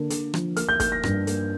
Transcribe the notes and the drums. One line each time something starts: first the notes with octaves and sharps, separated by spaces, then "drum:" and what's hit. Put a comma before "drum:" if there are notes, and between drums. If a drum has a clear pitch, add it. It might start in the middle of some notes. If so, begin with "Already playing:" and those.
Already playing: D3 A#3
D3, drum: hi-hat
F3, drum: rim click
A#3 F6, drum: hi-hat
G6
A#3 G6, drum: kick, hi-hat
A#6
G2 A#6, drum: rim click
A#3, drum: hi-hat